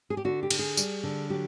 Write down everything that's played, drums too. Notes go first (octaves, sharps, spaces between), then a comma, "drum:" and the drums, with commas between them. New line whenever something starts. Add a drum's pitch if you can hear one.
G#4
G4
D3 F#4
G4
D3, drum: cymbal
G#4
G3, drum: tambourine
D3
F#3 G4